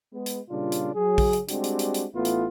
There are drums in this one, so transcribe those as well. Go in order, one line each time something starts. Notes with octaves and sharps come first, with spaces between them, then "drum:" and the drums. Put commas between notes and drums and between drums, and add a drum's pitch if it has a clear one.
G#3 B3
drum: hi-hat
A#2 C#3 G3 D4 F4
drum: hi-hat
F#3 G#4
drum: kick A#1, open hi-hat
drum: hi-hat
G3 G#3 C4 D4 F#4 G4, drum: hi-hat
drum: hi-hat
drum: hi-hat
drum: hi-hat
A1 A3 B3 E4 F4
drum: hi-hat